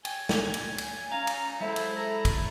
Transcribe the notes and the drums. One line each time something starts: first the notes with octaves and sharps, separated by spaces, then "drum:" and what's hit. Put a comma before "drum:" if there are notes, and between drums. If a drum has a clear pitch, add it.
G5 G#5, drum: cymbal
drum: snare
drum: cymbal
drum: cymbal
C#4 F5 A#5
drum: cymbal
F#3 G#3 E4 A4 C5 E5
drum: cymbal
A4 A#5
drum: kick, cymbal